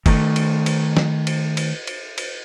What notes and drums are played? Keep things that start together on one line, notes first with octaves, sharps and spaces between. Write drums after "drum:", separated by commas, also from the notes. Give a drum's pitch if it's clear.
D#3 A3, drum: kick F#1, cymbal
drum: cymbal
drum: cymbal
drum: snare
drum: cymbal
drum: cymbal
drum: cymbal
drum: cymbal